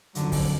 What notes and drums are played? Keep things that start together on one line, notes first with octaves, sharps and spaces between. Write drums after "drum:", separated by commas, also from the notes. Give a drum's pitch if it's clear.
F2 D3 F#3, drum: hi-hat
drum: kick, open hi-hat